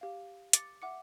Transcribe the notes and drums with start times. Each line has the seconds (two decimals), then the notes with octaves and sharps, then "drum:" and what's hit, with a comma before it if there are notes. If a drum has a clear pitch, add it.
0.01 G4 F5
0.53 D6 A6 C#7, drum: hi-hat
0.82 E5 F#5 D6 C#7